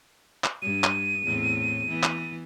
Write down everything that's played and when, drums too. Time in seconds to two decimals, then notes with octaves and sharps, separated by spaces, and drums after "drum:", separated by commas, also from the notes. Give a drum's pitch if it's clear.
0.44 drum: clap
0.62 G2 D#7
0.84 drum: clap
1.24 E2 A2 C4
1.88 E3 B3
2.03 drum: clap